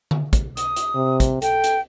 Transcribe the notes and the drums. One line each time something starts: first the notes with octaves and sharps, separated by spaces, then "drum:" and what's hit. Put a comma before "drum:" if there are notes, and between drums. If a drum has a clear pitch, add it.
drum: tom D3
drum: kick, hi-hat
D#6, drum: hi-hat
drum: hi-hat
C3
drum: kick, hi-hat
A4 G5, drum: hi-hat
drum: hi-hat